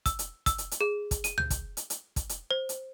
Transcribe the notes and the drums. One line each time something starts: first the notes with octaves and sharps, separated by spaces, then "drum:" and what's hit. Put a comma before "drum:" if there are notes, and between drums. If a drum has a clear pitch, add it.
E6, drum: kick, hi-hat
drum: hi-hat
E6, drum: kick, hi-hat
drum: hi-hat
drum: hi-hat
G#4
drum: kick, hi-hat
D#7, drum: hi-hat
G6, drum: tom C#2
drum: kick, hi-hat
drum: hi-hat
drum: hi-hat
drum: kick, hi-hat
drum: hi-hat
C5
drum: hi-hat